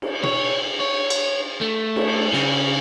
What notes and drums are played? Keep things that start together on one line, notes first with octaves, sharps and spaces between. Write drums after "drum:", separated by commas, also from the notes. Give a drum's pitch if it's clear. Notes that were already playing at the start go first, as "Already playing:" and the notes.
drum: cymbal
C#5, drum: tom B2
C#5
drum: cymbal
A3
drum: cymbal
C#3, drum: snare